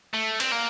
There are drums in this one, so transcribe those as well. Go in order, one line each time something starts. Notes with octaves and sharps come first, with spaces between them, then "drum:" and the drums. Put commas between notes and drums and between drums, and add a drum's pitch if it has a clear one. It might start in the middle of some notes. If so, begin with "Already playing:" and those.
A3
C4, drum: cymbal
A#3